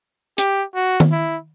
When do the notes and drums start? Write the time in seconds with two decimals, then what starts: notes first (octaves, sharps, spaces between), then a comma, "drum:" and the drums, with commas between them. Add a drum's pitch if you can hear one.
0.38 G4, drum: hi-hat
0.75 F#4
1.00 drum: tom D#3
1.11 E4